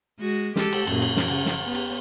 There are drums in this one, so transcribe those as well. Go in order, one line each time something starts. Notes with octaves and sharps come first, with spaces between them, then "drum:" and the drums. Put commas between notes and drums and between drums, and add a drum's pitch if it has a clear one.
G#3 F#4
G#3 G4 A4, drum: snare
drum: cymbal
F#2 A#2, drum: cymbal
drum: cymbal
drum: snare
C#3, drum: cymbal
drum: snare
B3
drum: cymbal